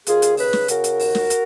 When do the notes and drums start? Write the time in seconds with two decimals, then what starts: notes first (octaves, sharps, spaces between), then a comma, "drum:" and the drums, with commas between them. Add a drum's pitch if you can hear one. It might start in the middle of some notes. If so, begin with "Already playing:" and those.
0.07 D#2 F4 G#4, drum: hi-hat
0.22 drum: hi-hat
0.37 C#3 G#4 B4, drum: open hi-hat
0.53 drum: snare
0.68 C#3 F#4 A#4, drum: hi-hat
0.84 drum: hi-hat
1.00 D#2, drum: open hi-hat
1.15 drum: snare
1.30 drum: hi-hat